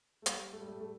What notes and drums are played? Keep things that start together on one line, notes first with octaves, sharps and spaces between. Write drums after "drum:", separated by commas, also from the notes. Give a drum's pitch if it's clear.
A3
G3, drum: hi-hat
A3
G3
A3
A3